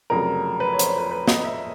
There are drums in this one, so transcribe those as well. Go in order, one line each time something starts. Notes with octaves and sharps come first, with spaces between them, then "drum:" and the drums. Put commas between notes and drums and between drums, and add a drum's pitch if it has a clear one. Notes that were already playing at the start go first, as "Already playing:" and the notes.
F1 F2 C#3 F#3 A#4
B4
C#5
C5, drum: hi-hat
C#5
B4
B4
D#5, drum: snare
E5